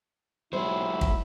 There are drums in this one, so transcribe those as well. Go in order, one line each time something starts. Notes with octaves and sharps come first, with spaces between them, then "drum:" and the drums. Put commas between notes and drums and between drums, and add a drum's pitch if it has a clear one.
B1 F#3 G#3 E4 C5
drum: kick